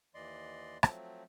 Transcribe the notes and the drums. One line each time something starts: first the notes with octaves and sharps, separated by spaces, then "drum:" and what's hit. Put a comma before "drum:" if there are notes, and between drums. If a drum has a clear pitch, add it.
D#2 E3 D5 D#5 C6
F3 F#3 A3 C4, drum: rim click